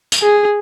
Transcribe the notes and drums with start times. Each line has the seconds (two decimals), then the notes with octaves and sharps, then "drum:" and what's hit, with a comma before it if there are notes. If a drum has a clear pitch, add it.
0.12 drum: tambourine
0.23 G#4